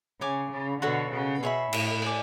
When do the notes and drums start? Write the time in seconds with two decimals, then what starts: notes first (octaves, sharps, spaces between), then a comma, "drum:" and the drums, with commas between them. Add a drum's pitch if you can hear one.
0.21 C#3 C#5 G#5 D6
0.51 C#3
0.82 B2 D3 F#4 A4 C#5 F#5
1.12 C#3
1.42 B2 G#4 C#5 E5 B5
1.73 A2, drum: cymbal
2.02 D5 G#5 D6